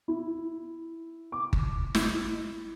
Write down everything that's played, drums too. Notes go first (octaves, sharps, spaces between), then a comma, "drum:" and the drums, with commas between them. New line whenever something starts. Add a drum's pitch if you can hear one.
E4
D6
drum: kick G1
E4, drum: snare